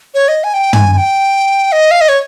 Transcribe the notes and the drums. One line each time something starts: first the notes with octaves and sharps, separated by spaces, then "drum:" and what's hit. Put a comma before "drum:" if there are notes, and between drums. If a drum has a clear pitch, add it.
C#5
D#5
G#5
G5
G#5, drum: tom
G#5
G5
D#5
F5
D#5
C#5